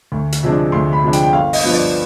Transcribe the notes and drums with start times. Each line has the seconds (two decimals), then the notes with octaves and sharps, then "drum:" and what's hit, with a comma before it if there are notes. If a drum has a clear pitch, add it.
0.12 D2
0.32 drum: hi-hat
0.43 C3 F3 G#3 D4
0.72 D2 C6
0.93 B5
1.03 C3 F3 G#3 D4
1.13 G5, drum: hi-hat
1.23 G5
1.33 G1 F5
1.53 D#5, drum: open hi-hat
1.64 G2 F3 B3
1.74 D5